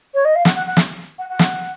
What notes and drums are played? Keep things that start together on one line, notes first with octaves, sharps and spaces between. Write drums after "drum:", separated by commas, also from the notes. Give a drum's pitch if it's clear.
C#5
D#5
F5
F#5, drum: snare
F#5
F#5
drum: snare
F#5
F#5
drum: snare